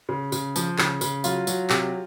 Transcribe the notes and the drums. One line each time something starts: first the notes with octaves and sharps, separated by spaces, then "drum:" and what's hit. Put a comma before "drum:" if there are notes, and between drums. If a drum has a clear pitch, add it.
C#3
C#3, drum: tambourine
F3, drum: tambourine
C#3, drum: clap
C#3, drum: tambourine
F#3 F4, drum: tambourine
F#3, drum: tambourine
C3, drum: clap